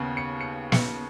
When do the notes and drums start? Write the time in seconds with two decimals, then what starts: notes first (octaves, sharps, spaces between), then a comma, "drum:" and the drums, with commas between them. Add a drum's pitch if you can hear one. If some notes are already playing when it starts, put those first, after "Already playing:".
Already playing: D#2 C#3 B3
0.17 C#7
0.41 C#7
0.72 C#7, drum: snare